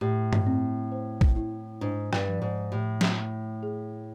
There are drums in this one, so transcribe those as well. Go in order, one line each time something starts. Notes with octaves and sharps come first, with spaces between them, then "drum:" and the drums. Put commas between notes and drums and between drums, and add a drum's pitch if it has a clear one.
A2 G4
drum: tom G2
C4
C5
drum: kick
E4
G#2 D4
G2, drum: rim click
F3
G#2
A2 G4
drum: snare
A3
G#4